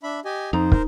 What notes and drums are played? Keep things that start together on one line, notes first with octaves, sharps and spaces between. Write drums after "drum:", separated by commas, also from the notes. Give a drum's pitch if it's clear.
D4 E5 B5
G4 D#5 G#5
F2 D#4 C5 A#5
A#4 C5, drum: kick